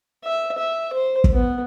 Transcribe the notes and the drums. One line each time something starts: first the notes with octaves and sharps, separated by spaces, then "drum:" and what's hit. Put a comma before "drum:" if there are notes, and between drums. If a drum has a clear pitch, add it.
E5
E5
C5
drum: kick
B3